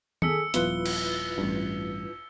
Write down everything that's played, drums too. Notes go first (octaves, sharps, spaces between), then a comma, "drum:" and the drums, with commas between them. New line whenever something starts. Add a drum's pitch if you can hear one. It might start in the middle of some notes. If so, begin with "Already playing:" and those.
G#4 A4 E6 B6 C#7, drum: tom D#3
D#1 F3 B3 E4 F4 B4 G7, drum: hi-hat
drum: cymbal
A1 G2